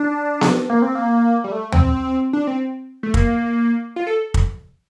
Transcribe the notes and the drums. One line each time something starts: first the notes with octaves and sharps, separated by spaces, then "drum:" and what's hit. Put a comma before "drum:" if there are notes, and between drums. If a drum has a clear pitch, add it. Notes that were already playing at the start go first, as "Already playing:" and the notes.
Already playing: D4
drum: snare B3
A#3
C4
A#3
G3
A3
C4, drum: tom D2
D4
C4
A3
A#3, drum: kick
F4
A4
drum: kick